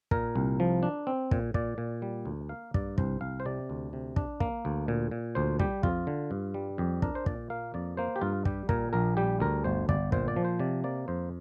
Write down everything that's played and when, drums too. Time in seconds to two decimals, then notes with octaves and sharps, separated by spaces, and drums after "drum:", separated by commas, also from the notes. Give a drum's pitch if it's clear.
0.11 A#2 A#4, drum: kick
0.36 C2
0.60 F3
0.83 D4
1.07 C4
1.31 A#2, drum: kick
1.54 A#2 D5, drum: kick
1.78 A#2
2.02 G3
2.25 D2
2.49 A#3 F5
2.74 G2 D5, drum: kick
2.98 C2 C5, drum: kick
3.21 C2 F5
3.40 C5
3.45 C3 D5
3.70 D2
3.93 C3
4.16 D4, drum: kick
4.40 A#3, drum: kick
4.65 D2
4.88 A#2
5.11 A#2
5.35 D2 C5
5.59 G3 G4, drum: kick
5.83 F2 F4, drum: kick
6.07 D3
6.31 G2
6.54 G3
6.78 F2 G4
7.02 D4 A#4, drum: kick
7.15 C5
7.26 A#2 D5, drum: kick
7.50 A#3 F5
7.74 F2 D5
7.97 A#3 C5
8.16 G4
8.21 G2 F4
8.45 G3 G4, drum: kick
8.69 A#2 A#4, drum: kick
8.93 A#1 A#4
9.17 G3 G4
9.40 D2 A#4
9.64 G1 C5
9.89 G1 D5, drum: kick
10.12 A#2 C5, drum: kick
10.28 D5
10.36 F3
10.45 C5
10.59 C3 D5
10.84 A#3 D5
11.08 F2 C5